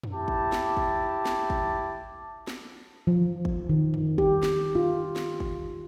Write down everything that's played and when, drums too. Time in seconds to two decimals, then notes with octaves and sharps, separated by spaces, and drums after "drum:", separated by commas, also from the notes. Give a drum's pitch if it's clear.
0.03 drum: tom
0.13 E4 G4 A5
0.28 drum: kick
0.52 drum: snare
0.77 drum: kick
1.25 drum: snare
1.50 drum: kick
2.47 drum: snare
3.07 F3
3.45 drum: kick
3.69 D#3
3.94 drum: tom
4.18 G4, drum: kick
4.43 drum: snare
4.75 F4
5.16 drum: snare
5.40 drum: kick